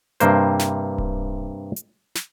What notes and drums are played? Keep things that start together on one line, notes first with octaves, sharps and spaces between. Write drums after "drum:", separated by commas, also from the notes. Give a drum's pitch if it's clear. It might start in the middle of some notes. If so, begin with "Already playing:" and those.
G2 C3 A#3 C5, drum: hi-hat
drum: snare
drum: kick D1
drum: hi-hat
drum: snare